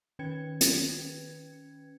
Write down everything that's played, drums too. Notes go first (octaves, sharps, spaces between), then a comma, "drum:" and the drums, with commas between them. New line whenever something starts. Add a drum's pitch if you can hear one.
D#3 C#4 B4 G5 G#6 C#7
drum: hi-hat